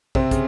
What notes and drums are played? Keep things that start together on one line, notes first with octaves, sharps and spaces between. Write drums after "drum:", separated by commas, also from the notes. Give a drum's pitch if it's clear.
C3 C4, drum: kick
C#3, drum: kick, hi-hat